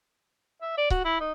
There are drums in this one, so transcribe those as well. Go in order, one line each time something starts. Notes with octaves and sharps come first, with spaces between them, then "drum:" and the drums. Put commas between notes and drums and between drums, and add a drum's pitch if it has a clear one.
E5
D5
F#4, drum: kick C#1
E4
D#4